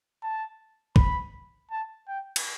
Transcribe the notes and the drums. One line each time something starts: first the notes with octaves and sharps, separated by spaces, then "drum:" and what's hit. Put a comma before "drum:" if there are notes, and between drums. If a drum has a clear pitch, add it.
A5
B5, drum: kick
A5
G5
drum: cymbal